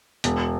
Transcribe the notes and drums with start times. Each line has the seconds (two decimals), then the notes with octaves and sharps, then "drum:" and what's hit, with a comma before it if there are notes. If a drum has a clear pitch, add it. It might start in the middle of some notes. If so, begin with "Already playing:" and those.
0.24 E1, drum: hi-hat